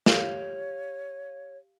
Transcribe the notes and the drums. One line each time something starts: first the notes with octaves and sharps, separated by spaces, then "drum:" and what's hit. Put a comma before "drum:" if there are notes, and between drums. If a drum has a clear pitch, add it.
G4 C#5 F5, drum: snare